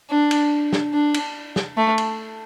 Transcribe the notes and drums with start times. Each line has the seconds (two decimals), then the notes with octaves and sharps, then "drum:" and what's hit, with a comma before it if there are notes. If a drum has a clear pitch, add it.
0.10 D4
0.31 drum: cymbal
0.73 drum: snare
0.93 D4
1.14 drum: cymbal
1.56 drum: snare
1.77 A3
1.98 drum: cymbal